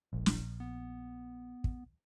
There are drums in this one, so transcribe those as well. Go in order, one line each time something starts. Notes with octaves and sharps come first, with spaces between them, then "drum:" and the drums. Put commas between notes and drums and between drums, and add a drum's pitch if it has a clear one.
E1 A#1
drum: snare
B3
drum: kick